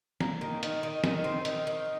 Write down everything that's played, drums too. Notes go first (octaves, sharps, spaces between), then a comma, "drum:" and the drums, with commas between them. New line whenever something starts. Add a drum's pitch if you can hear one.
A#3, drum: snare
D#3
D#3, drum: hi-hat
D#3
D#3, drum: snare
C4
D#3, drum: hi-hat
D#3